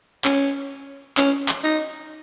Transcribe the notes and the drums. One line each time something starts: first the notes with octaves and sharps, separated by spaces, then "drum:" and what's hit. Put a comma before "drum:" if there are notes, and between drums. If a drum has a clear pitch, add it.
C#4, drum: clap
C#4, drum: clap
drum: clap
D#4